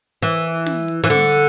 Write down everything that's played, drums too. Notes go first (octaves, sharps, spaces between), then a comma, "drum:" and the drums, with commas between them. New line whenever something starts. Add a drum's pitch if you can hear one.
E3, drum: hi-hat
drum: snare
drum: hi-hat
E3
D3, drum: snare
drum: hi-hat